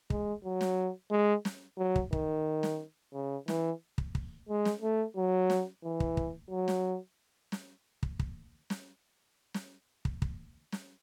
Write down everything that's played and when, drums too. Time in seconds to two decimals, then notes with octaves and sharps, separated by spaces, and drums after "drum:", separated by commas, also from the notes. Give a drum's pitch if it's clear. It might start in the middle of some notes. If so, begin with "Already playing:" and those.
0.10 G#3, drum: kick
0.44 F#3
0.61 drum: snare
1.11 G#3
1.45 drum: snare
1.78 F#3
1.96 drum: kick
2.13 D#3, drum: kick
2.63 drum: snare
3.14 C#3
3.48 E3, drum: snare
3.98 drum: kick
4.15 drum: kick
4.49 G#3
4.65 drum: snare
4.82 A3
5.17 F#3
5.50 drum: snare
5.84 E3
6.00 drum: kick
6.17 drum: kick
6.50 F#3
6.68 drum: snare
7.52 drum: snare
8.03 drum: kick
8.19 drum: kick
8.70 drum: snare
9.54 drum: snare
10.05 drum: kick
10.22 drum: kick
10.72 drum: snare